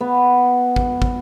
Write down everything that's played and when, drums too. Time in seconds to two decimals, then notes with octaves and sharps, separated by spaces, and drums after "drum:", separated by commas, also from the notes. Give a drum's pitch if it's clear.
0.01 B3
0.76 drum: kick
1.02 drum: kick